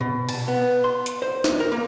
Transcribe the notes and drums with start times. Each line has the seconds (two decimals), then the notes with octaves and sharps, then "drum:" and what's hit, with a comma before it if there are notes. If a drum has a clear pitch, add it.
0.01 B2
0.29 A5, drum: cymbal
0.48 B3
0.84 C6
1.06 drum: hi-hat
1.22 C5
1.44 drum: snare
1.60 A#4
1.72 A#3